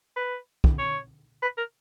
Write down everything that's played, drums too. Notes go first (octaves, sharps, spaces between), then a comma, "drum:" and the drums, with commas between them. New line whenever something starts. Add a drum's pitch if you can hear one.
B4
drum: kick
C#5
B4
A#4